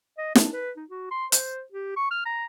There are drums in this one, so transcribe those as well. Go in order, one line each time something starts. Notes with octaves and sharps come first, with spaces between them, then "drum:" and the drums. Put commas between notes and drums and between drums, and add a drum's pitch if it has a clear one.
D#5
D4, drum: snare
B4
D#4
F#4
C6
C5, drum: hi-hat
G4
C#6
F6
A#5